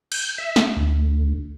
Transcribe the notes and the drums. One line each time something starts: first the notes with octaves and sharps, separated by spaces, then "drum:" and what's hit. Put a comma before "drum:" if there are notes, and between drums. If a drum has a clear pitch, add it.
G6, drum: cymbal
E5
drum: snare
D2